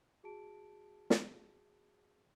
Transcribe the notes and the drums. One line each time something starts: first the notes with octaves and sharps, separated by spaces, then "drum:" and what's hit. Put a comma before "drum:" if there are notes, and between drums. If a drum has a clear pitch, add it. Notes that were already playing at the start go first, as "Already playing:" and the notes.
F#4 G#4 A5 D7
drum: snare